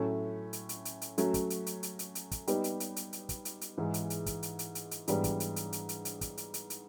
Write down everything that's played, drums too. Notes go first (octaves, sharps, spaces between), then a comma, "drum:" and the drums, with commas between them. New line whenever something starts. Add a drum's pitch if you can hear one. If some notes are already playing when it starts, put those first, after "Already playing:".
Already playing: A2 F#3 A3 C#4
drum: hi-hat
drum: hi-hat
drum: hi-hat
drum: hi-hat
F#3 A3 C#4 F#4, drum: hi-hat
drum: kick, hi-hat
drum: hi-hat
drum: hi-hat
drum: hi-hat
drum: hi-hat
drum: hi-hat
drum: kick, hi-hat
G3 B3 D#4 G4, drum: hi-hat
drum: hi-hat
drum: hi-hat
drum: hi-hat
drum: hi-hat
drum: kick, hi-hat
drum: hi-hat
drum: hi-hat
G#2 E3 G#3
drum: hi-hat
drum: hi-hat
drum: kick, hi-hat
drum: hi-hat
drum: hi-hat
drum: hi-hat
drum: hi-hat
G#2 E3 G3 B3 D4, drum: hi-hat
drum: kick, hi-hat
drum: hi-hat
drum: hi-hat
drum: hi-hat
drum: hi-hat
drum: hi-hat
drum: kick, hi-hat
drum: hi-hat
drum: hi-hat
drum: hi-hat